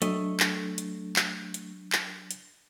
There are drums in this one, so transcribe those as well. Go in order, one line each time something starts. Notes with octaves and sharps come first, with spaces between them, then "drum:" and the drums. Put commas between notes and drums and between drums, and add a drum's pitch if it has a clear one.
F#3 A3 D4 D#5, drum: hi-hat
drum: clap
drum: hi-hat
drum: clap
drum: hi-hat
drum: clap
drum: hi-hat